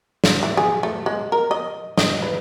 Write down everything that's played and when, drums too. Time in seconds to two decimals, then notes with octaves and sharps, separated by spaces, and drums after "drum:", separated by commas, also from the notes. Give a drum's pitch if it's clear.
0.24 drum: snare
0.43 E3
0.57 G#4
0.83 A3
1.06 G#3
1.32 A#4
1.51 D#5
1.98 D#5, drum: snare
2.22 B4